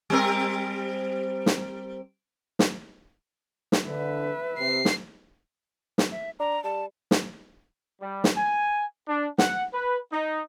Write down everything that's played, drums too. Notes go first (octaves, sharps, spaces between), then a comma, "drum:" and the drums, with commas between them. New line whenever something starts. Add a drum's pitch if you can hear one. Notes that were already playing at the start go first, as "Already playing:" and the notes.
G3 C4 A#4
drum: snare
drum: snare
drum: snare
D3 B4 E5
C3 C7
drum: snare
drum: snare
E5
D4 A#5
G3 A5
drum: snare
G3
drum: snare
G#5
D4
F#5, drum: snare
B4
D#4